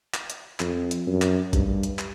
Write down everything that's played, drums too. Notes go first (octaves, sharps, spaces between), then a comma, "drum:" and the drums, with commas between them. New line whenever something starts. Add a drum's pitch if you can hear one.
drum: clap
drum: hi-hat
F2, drum: clap
drum: hi-hat
F#2
drum: clap
G2, drum: kick, hi-hat
drum: hi-hat
drum: clap